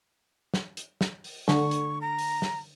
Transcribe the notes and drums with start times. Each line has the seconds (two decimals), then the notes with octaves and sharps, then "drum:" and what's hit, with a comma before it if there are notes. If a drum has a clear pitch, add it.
0.54 drum: snare
0.77 drum: hi-hat
1.01 drum: snare
1.24 drum: open hi-hat
1.48 D3 C#6, drum: snare
1.71 drum: hi-hat
2.01 A#5
2.18 drum: open hi-hat
2.42 drum: snare